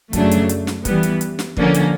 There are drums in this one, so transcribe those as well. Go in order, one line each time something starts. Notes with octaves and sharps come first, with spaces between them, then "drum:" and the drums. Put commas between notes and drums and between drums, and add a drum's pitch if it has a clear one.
F#2 C#3 F#3 A3 D4, drum: kick, hi-hat
drum: hi-hat
drum: hi-hat
drum: snare
E3 G3 B3, drum: kick, hi-hat
drum: hi-hat
drum: hi-hat
drum: snare
D3 F3 A#3 C#4, drum: kick
drum: hi-hat